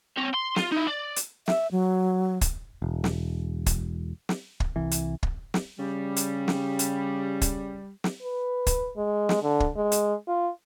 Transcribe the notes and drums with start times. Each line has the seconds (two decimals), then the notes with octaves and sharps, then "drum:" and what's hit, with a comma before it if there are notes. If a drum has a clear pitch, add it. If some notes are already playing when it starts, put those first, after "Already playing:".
0.17 C4 C#5
0.34 C6
0.56 F4, drum: snare
0.72 D#4 E4
0.87 D5
1.16 drum: hi-hat
1.48 E5, drum: snare
1.72 F#3
2.41 drum: kick, hi-hat
2.82 E1
3.04 drum: snare
3.66 drum: kick, hi-hat
4.29 drum: snare
4.60 drum: kick
4.76 C2 E3
4.91 drum: hi-hat
5.23 drum: kick
5.54 drum: snare
5.79 C#3 G3
6.16 drum: hi-hat
6.48 drum: snare
6.79 drum: hi-hat
7.41 drum: kick, hi-hat
8.04 drum: snare
8.22 B4
8.67 drum: kick, hi-hat
8.97 G#3
9.29 drum: snare
9.42 D3
9.60 drum: kick
9.76 G#3
9.92 drum: hi-hat
10.28 F4